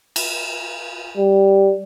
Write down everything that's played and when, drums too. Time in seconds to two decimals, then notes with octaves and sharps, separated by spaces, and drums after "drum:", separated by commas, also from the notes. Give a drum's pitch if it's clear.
0.16 drum: cymbal
1.17 G3